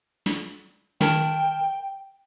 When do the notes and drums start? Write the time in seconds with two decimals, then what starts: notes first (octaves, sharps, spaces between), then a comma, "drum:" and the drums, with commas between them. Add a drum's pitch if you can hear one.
0.26 drum: snare
1.01 D#3 A#4 G5 A5, drum: snare